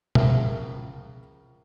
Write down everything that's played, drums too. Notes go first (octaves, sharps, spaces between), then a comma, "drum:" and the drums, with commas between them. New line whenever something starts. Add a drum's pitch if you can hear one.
C#2 F3 A#4 E5, drum: tom